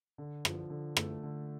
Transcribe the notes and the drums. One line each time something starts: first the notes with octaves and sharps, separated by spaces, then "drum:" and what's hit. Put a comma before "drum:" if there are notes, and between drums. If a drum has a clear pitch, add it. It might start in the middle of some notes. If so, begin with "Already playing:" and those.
D3
F3, drum: rim click
D3
A3, drum: rim click
D3